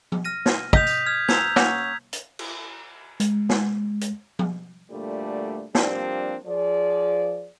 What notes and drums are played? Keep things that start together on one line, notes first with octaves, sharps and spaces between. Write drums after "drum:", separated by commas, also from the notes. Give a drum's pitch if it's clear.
drum: tom F3
F6 A#6 D#7
drum: snare
D#5 D#6 G6 B6 F7, drum: kick
D#6 F7, drum: tambourine
F6 G#6
A#5 E6 G#6 F7, drum: snare
A#3 C#4 F#4, drum: snare
drum: hi-hat
drum: cymbal
G#3, drum: hi-hat
drum: snare
drum: hi-hat
drum: tom F3
D2 A#2 D3 G3 A3
F3 G3 A#3 C4 D4, drum: snare
F3 G#4 D5